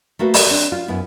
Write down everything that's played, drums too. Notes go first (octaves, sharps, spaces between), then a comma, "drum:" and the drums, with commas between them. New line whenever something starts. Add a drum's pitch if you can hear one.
A3 A#3 F#4 B4
G4 A4 A#4 D5 D#5, drum: open hi-hat
C4 D4
F4
F#2 B3 E4